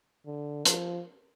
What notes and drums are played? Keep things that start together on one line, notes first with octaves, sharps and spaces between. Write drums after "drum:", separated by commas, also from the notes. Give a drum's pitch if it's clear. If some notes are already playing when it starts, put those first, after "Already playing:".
D3
F3, drum: hi-hat